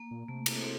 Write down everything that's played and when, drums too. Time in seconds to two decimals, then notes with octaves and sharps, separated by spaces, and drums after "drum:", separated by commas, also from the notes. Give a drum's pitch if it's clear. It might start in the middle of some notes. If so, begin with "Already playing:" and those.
Already playing: A#3
0.11 A#2
0.28 C3 A3
0.46 A#3, drum: cymbal
0.64 C4